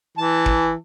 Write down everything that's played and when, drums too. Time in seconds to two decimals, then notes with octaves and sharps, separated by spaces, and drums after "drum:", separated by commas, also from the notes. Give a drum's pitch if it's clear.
0.17 E3 A5
0.46 drum: kick